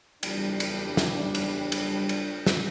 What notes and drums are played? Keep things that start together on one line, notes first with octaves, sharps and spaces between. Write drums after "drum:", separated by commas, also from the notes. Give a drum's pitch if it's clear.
F#1 E2 G3 D4, drum: cymbal
drum: cymbal
drum: snare
drum: cymbal
drum: cymbal
drum: cymbal
drum: snare